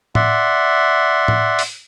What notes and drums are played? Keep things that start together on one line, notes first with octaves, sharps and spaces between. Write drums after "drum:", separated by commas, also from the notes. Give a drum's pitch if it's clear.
D5 E5 F#5 C6, drum: tom A2
drum: tom A2
drum: open hi-hat